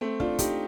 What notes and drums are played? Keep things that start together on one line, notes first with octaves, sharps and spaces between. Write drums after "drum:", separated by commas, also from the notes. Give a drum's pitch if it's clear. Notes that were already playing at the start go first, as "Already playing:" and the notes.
A3 C4
D4 F4, drum: kick
D#4 G4, drum: kick, hi-hat